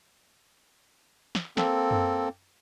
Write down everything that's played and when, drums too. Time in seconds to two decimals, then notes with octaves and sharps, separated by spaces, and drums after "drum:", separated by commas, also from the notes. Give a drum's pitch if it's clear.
1.35 drum: snare
1.57 A#3 C4 A4, drum: snare
1.91 drum: tom F#2